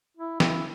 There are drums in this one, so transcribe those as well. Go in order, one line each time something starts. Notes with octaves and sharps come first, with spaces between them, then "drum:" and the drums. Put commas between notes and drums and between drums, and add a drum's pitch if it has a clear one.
E4
E4, drum: snare